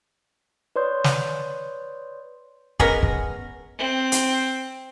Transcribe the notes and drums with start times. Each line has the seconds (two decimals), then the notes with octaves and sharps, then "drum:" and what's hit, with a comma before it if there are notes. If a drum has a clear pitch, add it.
0.76 B4 C#5 D5 C6 D#6 G6
1.04 drum: snare
2.79 G#3 B3 C#4 A#4, drum: kick
3.03 drum: kick
3.78 C4
4.12 drum: hi-hat